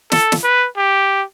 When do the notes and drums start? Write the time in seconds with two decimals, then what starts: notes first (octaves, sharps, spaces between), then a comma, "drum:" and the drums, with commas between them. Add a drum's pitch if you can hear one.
0.12 A4, drum: snare
0.32 drum: snare
0.44 B4
0.77 G4